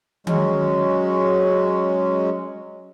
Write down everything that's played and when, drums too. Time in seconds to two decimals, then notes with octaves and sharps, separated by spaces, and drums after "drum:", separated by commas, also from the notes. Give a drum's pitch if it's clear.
0.27 F#3 G#3 C#4, drum: tom D#3